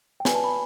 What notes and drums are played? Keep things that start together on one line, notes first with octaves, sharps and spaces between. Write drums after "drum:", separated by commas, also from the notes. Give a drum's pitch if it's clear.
G5
F#4 B4 D5 G#5, drum: snare
A5
B5